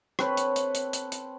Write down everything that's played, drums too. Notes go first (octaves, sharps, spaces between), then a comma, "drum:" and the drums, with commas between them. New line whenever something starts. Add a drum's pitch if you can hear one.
C4 A4 B4 C#5, drum: rim click
drum: hi-hat
drum: hi-hat
drum: hi-hat
drum: hi-hat
drum: hi-hat